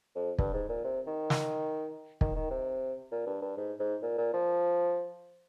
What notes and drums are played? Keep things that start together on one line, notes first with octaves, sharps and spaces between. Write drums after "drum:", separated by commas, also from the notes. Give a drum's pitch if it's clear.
F2
G2, drum: kick
G#2
A#2
C3
D#3
drum: snare
D#3, drum: kick
D#3
C3
A#2
G2
G2
G#2
G#2
A#2
A#2
F3